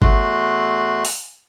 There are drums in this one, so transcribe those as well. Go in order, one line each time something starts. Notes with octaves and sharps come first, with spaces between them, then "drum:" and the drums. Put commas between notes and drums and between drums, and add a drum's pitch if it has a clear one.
E2 A3 F#4 C6 F#6, drum: kick G1
drum: open hi-hat